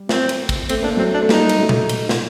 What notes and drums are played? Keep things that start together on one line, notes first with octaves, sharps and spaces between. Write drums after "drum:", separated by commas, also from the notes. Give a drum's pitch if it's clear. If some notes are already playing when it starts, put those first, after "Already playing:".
Already playing: G3
C4, drum: snare
drum: cymbal
drum: kick, cymbal
A3 C4, drum: cymbal
A#3 D4
F#3 A3 C4
D4
A3
G3 A#3 D#4, drum: snare
drum: cymbal
F#3 A3
drum: tom A#2
drum: cymbal
drum: snare